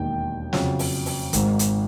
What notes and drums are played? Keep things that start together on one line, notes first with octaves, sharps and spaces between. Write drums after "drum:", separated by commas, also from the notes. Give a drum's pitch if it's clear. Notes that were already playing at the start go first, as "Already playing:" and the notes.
Already playing: E1 D#2 D#3 G5
F2 C#3 F#3, drum: snare
drum: open hi-hat
drum: open hi-hat
G#1 G#2 D#3, drum: kick, hi-hat
drum: hi-hat